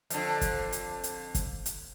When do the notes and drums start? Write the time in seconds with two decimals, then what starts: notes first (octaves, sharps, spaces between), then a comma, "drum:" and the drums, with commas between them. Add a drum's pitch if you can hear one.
0.10 F2 D3, drum: hi-hat
0.41 drum: kick, hi-hat
0.72 drum: hi-hat
1.04 drum: hi-hat
1.35 drum: kick, hi-hat
1.66 drum: hi-hat